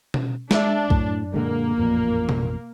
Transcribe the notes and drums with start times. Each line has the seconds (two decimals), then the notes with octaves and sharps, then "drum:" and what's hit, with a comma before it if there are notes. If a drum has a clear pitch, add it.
0.14 drum: tom B2
0.51 G#3 D4 E5, drum: snare G#3
0.90 F#2 A2, drum: kick B1
1.34 A#2 D3 G#3 A#3
1.78 A1 F2 A#2
2.29 drum: tom B2